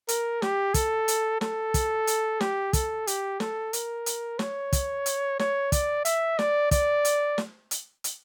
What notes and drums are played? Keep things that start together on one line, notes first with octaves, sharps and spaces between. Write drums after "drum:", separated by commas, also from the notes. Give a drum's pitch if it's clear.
A#4, drum: hi-hat
G4, drum: snare
A4, drum: kick, hi-hat
drum: hi-hat
A4, drum: snare
drum: kick, hi-hat
drum: hi-hat
G4, drum: snare
A4, drum: kick, hi-hat
G4, drum: hi-hat
A4, drum: snare
A#4, drum: hi-hat
drum: hi-hat
C#5, drum: snare
drum: kick, hi-hat
drum: hi-hat
C#5, drum: snare
D5, drum: kick, hi-hat
E5, drum: hi-hat
D5, drum: snare
D5, drum: kick, hi-hat
drum: hi-hat
drum: snare
drum: hi-hat
drum: hi-hat